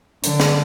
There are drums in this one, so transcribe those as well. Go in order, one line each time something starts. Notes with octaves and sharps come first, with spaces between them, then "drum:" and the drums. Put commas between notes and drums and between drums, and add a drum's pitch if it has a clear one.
D3, drum: hi-hat
drum: snare